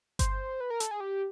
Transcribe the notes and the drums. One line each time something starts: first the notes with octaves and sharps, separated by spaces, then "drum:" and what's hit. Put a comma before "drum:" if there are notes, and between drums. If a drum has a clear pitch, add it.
C5, drum: kick G1, hi-hat
B4
A#4
A4, drum: hi-hat
G#4
G4